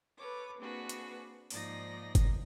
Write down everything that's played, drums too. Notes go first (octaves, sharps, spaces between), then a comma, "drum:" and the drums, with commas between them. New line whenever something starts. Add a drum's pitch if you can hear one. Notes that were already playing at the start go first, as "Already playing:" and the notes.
A4 B4 C#5 D6
A#3 C4 D4 F#4 G#4 B4
drum: hi-hat
G#2 F3 A#3 D#4 D5 A#6, drum: open hi-hat
drum: kick G1, hi-hat